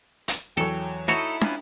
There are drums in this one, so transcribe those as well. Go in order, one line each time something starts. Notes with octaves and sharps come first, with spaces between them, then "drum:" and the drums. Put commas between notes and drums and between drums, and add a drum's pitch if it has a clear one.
drum: hi-hat
E2 F#3 A4 C#5 G5
D#4 E4 F#4 A4 C#5 D#5 A5
C#4 F4 B4, drum: snare